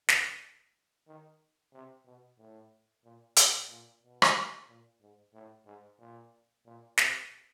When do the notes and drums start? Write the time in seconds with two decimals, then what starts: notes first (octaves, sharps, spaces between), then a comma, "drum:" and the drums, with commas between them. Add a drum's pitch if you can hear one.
0.08 D3, drum: snare
1.08 D#3
1.73 C3
2.06 B2
2.38 A2
3.04 A#2
3.36 B2, drum: hi-hat
3.69 A#2
4.03 B2
4.22 drum: rim click
4.68 A#2
5.01 G#2
5.33 A2
5.66 G#2
5.99 A#2
6.65 A#2
6.97 C3, drum: snare